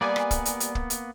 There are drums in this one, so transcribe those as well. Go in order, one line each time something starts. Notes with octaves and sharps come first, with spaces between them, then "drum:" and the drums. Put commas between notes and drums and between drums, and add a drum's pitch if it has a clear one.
G3 A#3 B3 D5 G#5
drum: rim click
drum: kick, hi-hat
drum: hi-hat
drum: hi-hat
drum: kick
drum: hi-hat